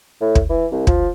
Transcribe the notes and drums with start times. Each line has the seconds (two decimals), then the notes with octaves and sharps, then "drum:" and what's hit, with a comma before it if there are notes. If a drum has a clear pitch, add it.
0.21 A2
0.35 drum: kick
0.49 E3
0.71 C2
0.87 F3, drum: kick